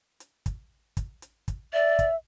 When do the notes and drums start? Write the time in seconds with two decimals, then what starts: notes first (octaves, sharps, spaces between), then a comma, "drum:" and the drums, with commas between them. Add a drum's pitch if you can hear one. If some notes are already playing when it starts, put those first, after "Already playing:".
0.20 drum: hi-hat
0.46 drum: kick, hi-hat
0.97 drum: kick, hi-hat
1.22 drum: hi-hat
1.48 drum: kick, hi-hat
1.73 D5 E5
1.99 drum: kick, hi-hat